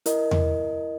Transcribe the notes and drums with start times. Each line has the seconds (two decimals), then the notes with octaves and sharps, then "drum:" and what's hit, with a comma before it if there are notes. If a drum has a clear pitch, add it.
0.06 E4 A#4 D#5, drum: hi-hat
0.31 drum: tom E2